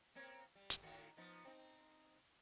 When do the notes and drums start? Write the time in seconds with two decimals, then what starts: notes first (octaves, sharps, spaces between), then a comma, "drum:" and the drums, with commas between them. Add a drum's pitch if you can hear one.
0.15 A#3 C4 C#5
0.55 G3
0.70 drum: hi-hat
0.82 A2 D#3 F#4
1.17 F3 B3 D#4
1.45 C4 D#4